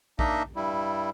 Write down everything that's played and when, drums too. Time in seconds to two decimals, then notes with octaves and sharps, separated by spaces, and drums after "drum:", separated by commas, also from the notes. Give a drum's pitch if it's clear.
0.19 A#3 D4 D#4 D#5 E5, drum: kick A#1
0.56 G2 G3 E4